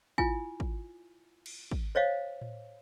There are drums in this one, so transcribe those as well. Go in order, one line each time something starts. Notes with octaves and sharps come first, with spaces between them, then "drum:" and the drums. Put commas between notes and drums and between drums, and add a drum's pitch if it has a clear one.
E4 F4 G#5, drum: kick
drum: kick
drum: cymbal
drum: kick
C5 C#5 D#5 F5
drum: tom A2